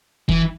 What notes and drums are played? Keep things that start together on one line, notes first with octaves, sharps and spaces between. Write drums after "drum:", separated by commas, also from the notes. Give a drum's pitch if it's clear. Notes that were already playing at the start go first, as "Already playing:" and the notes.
E3, drum: kick